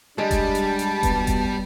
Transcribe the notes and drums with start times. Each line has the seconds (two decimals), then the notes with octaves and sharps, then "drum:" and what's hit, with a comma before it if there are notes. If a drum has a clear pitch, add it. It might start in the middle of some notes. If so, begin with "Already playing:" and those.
0.18 G3 G#3 D4 G4 A5
0.31 drum: kick F1, hi-hat
0.55 drum: hi-hat
0.79 drum: hi-hat
1.03 B2 B3, drum: kick F1, hi-hat
1.27 drum: kick F1, hi-hat